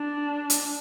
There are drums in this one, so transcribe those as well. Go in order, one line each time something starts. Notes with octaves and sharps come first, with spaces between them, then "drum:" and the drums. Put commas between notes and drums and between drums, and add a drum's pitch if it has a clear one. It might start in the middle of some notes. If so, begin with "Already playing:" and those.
Already playing: D4
drum: hi-hat